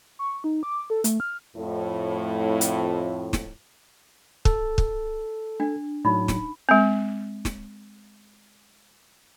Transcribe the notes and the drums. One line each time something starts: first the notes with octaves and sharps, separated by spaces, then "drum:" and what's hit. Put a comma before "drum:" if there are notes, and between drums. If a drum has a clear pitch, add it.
C#6
D#4
D6
A4
A3, drum: hi-hat
F6
F2 A2
drum: hi-hat
drum: snare
A4, drum: kick
drum: kick
D4
A2 F#3 D#4 B5
drum: snare
G#3 C4
drum: snare